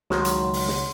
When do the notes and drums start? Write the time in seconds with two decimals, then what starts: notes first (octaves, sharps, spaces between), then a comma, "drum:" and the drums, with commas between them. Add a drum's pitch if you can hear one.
0.10 C#2 D#3 F3 F#3 G#3 C#5 F#5 C6, drum: snare
0.25 drum: hi-hat
0.53 drum: open hi-hat
0.68 drum: snare